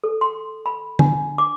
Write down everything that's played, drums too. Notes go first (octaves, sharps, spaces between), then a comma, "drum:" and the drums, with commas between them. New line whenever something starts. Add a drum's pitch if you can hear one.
A4
C6
B5
D4, drum: tom
D6